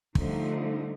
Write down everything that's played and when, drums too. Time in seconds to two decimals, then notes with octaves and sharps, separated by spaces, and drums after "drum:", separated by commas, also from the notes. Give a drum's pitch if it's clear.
0.15 D3 F3 G3 A3 D#4, drum: kick